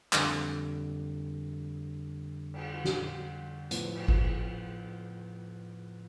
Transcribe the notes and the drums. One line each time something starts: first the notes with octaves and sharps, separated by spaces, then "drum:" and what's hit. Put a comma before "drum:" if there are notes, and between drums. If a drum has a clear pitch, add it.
F2 D3 G3, drum: clap
drum: cymbal
drum: snare
A2 F3 B3, drum: hi-hat
drum: cymbal
drum: kick G#1